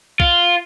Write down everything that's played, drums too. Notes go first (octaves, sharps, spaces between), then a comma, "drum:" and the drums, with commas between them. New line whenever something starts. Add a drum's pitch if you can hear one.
F4, drum: kick